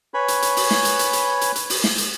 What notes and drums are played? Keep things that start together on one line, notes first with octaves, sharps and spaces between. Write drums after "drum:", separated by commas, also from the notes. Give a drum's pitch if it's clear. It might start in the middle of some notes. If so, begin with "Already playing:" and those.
B4 C#5 G#5 B5
drum: hi-hat
drum: hi-hat
drum: open hi-hat
drum: snare
drum: hi-hat
drum: hi-hat
drum: hi-hat
drum: hi-hat
drum: hi-hat
drum: open hi-hat
drum: snare
drum: hi-hat